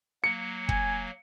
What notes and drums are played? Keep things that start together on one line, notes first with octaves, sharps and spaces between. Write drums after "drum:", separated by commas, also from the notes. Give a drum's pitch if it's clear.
F#3 A#3 C#7
G#5, drum: kick